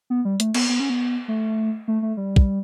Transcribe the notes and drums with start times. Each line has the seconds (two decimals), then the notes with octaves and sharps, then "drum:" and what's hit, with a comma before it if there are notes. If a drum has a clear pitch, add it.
0.10 B3
0.25 G3
0.40 A3, drum: hi-hat
0.54 B3, drum: cymbal
0.69 B3
0.80 C#4
0.90 B3
1.28 A3
1.88 A3
2.02 A3
2.17 G3
2.36 drum: kick